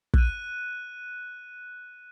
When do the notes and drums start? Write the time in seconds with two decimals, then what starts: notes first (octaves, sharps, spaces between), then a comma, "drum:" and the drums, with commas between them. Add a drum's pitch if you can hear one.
0.14 F#6 D#7, drum: kick